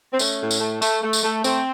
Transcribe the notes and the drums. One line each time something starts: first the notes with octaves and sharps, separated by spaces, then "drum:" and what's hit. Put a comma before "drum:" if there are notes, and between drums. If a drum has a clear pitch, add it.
C4
A3 C#4, drum: tambourine
A2
drum: tambourine
A3
A3, drum: tambourine
A3
drum: tambourine
A3
A3 C4, drum: tambourine